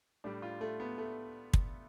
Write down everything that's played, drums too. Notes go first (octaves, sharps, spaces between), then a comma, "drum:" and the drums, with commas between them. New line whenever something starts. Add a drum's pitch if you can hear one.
A2 G3 D4
F4
A3
B3
A3
drum: kick